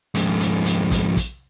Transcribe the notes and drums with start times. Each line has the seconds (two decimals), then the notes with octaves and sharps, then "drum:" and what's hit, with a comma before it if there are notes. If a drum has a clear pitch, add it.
0.15 F2 G#2, drum: hi-hat
0.40 drum: hi-hat
0.66 drum: hi-hat
0.91 drum: kick, hi-hat
1.17 drum: kick, hi-hat